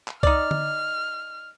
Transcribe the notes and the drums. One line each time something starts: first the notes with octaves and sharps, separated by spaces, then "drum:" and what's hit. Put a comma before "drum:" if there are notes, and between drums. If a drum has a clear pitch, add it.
drum: clap
D#4 D5 F6, drum: kick C2
drum: tom D3